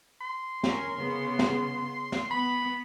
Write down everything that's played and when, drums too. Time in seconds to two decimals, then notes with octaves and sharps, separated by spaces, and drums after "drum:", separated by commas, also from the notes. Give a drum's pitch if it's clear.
0.21 C6
0.63 C#4 A#4, drum: snare
0.97 C#3 B3
1.39 drum: snare
2.12 drum: snare
2.31 B3 B5